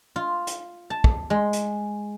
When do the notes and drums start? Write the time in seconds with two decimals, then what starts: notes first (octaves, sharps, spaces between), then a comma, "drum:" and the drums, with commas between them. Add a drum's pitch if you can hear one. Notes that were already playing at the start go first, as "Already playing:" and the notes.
0.16 F4
0.47 drum: hi-hat
0.90 A5
1.04 drum: kick
1.30 G#3
1.53 drum: hi-hat